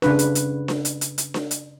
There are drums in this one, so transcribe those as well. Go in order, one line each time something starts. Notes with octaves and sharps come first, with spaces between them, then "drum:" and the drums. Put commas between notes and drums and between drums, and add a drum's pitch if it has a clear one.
C#3 D4 B4, drum: snare D4
drum: hi-hat
drum: hi-hat
drum: snare D4
drum: hi-hat
drum: hi-hat
drum: hi-hat
drum: snare D4
drum: hi-hat